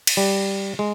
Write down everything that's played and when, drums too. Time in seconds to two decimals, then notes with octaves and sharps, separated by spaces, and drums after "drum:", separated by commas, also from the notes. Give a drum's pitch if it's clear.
0.07 drum: cymbal
0.17 G3
0.79 G#3